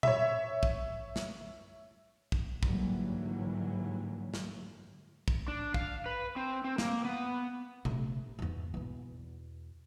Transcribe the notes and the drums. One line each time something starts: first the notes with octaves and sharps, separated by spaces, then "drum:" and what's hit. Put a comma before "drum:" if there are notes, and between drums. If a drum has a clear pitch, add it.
C#5 E5, drum: tom A#2
drum: kick
drum: snare
drum: kick
G#2 D3 E3 F#3 G3 A#3, drum: kick
drum: snare
drum: kick
D4
F5, drum: kick
B4
C4
C4
A#3, drum: snare
B3
C3 A3, drum: tom A#2
E2 G#2
E2 B2